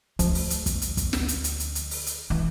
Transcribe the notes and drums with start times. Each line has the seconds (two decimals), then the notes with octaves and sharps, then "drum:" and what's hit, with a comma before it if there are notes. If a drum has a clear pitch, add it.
0.19 D2 F3, drum: hi-hat
0.35 drum: open hi-hat
0.50 drum: hi-hat
0.66 drum: kick, hi-hat
0.82 drum: hi-hat
0.97 drum: kick, hi-hat
1.13 drum: snare
1.28 drum: hi-hat
1.44 drum: hi-hat
1.60 drum: hi-hat
1.75 drum: hi-hat
1.91 drum: open hi-hat
2.07 drum: hi-hat
2.30 E3